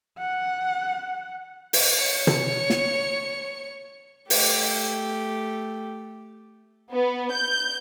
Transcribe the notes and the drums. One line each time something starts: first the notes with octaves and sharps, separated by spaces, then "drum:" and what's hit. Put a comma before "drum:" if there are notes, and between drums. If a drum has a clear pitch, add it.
F#5
drum: open hi-hat
C#5 C#7
drum: tom
drum: snare
A3 G4, drum: open hi-hat
B3
G6